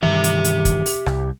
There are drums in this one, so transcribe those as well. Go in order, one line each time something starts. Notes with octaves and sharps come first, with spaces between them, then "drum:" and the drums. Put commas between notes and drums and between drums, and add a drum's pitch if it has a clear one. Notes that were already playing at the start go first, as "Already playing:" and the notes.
G2 D#3 E3 G4 E5
drum: hi-hat
drum: hi-hat
drum: kick, hi-hat
drum: open hi-hat
C2, drum: rim click